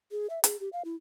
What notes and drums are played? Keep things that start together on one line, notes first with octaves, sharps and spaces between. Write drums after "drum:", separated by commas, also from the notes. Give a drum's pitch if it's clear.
G#4
E5
G#4, drum: hi-hat
G4
F5
E4